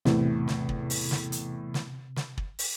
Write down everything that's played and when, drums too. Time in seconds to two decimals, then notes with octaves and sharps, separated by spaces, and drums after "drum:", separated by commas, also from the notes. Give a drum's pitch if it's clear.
0.05 E2 A2 C3, drum: snare
0.48 drum: snare
0.69 drum: kick
0.90 drum: open hi-hat
1.11 drum: snare
1.32 drum: hi-hat
1.74 drum: snare
2.16 drum: snare
2.38 drum: kick
2.59 drum: open hi-hat